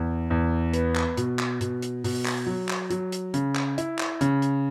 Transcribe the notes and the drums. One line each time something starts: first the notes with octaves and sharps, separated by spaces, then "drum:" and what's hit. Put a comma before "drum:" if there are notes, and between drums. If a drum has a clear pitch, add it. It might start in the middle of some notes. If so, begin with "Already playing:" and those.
Already playing: E2
E2
B3, drum: hi-hat
drum: clap
B2, drum: hi-hat
drum: clap
B2, drum: hi-hat
drum: hi-hat
B2, drum: open hi-hat
drum: clap
F#3
drum: clap
F#3, drum: hi-hat
drum: hi-hat
C#3, drum: hi-hat
drum: clap
E4, drum: hi-hat
drum: clap
C#3, drum: hi-hat
drum: hi-hat